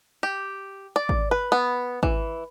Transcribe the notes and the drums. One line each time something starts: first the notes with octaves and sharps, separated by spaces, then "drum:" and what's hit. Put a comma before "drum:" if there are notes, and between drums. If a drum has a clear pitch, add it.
G4
D5
drum: kick G#1
B4
B3
E3, drum: kick G#1